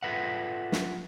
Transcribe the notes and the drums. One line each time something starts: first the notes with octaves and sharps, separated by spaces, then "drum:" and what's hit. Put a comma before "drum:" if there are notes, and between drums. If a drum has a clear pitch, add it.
F4 A4 B4 E5 F#5
drum: snare